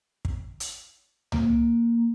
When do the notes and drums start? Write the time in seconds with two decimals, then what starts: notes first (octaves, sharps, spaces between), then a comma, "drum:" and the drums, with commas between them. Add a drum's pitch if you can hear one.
0.25 drum: kick
0.60 drum: hi-hat
1.32 A#3, drum: tom C#2